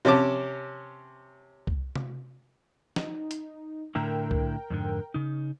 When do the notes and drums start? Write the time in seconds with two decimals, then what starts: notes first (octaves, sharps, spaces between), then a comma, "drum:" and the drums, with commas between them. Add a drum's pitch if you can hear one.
0.05 C3 C#4 A5 D6
1.67 drum: kick C2
1.96 drum: tom C3
2.96 D#4, drum: snare
3.31 drum: hi-hat
3.95 A2 D3 E4 A#4 G5
4.31 drum: kick C2
4.70 F2 G#2 D3
5.14 C#3 D#4